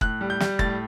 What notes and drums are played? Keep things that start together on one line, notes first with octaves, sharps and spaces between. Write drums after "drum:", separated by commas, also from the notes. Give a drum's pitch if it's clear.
A2 F#6, drum: kick
G3
G6
G3, drum: snare
A2 A6, drum: kick